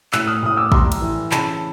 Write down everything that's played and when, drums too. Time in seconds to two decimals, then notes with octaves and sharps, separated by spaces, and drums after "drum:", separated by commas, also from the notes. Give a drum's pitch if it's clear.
0.13 A2 E6 F#6, drum: clap
0.27 D#6 F6
0.43 A2 D#6
0.57 D6 E6
0.72 G3 A#5 C6, drum: kick
0.92 drum: cymbal
1.01 E3
1.31 C#3 A5 B5, drum: clap